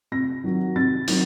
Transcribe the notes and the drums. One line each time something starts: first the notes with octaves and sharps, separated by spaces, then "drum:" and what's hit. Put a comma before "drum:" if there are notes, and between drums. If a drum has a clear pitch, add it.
C3 A#6
D#3 F#3
C3 A6
D#3 F#3, drum: open hi-hat